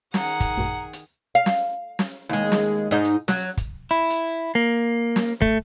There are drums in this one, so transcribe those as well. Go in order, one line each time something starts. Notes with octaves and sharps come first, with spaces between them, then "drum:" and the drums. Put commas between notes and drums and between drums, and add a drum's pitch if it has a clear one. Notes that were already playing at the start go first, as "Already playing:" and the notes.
D#3 G#4 F#5 A#5, drum: snare
drum: kick, hi-hat
A1 F#2 A#2
drum: hi-hat
F5
drum: snare
drum: snare
D#2 G#3
drum: snare
G#2 D#4
drum: hi-hat
F#3, drum: snare
drum: kick, hi-hat
E4
drum: hi-hat
A#3
drum: snare
A3, drum: kick